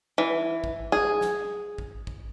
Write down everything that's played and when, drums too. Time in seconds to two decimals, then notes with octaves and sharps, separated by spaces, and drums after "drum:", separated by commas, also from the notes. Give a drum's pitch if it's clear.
0.18 E3
0.64 drum: kick A1
0.92 G#4
1.21 drum: snare
1.78 drum: kick A1
2.07 drum: kick A1